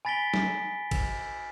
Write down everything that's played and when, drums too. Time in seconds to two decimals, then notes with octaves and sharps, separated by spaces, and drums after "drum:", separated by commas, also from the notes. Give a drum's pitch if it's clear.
0.05 G#5 B5 A6 B6 D7 G7
0.34 drum: snare
0.91 drum: kick, cymbal